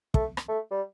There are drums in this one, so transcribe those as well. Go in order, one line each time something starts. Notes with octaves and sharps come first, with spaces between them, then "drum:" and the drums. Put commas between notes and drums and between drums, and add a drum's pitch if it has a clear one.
A3, drum: kick
drum: rim click
A3
G3